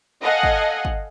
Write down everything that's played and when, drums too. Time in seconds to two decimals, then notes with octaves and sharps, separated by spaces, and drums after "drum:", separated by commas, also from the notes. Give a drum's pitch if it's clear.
0.23 A4 D#5 F5 F#5 G#5
0.43 drum: kick
0.85 drum: kick